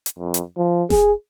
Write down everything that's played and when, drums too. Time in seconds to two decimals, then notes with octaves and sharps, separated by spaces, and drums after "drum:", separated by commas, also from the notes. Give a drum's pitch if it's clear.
0.06 drum: hi-hat
0.19 F2
0.34 drum: hi-hat
0.57 F3
0.90 G#4, drum: snare F1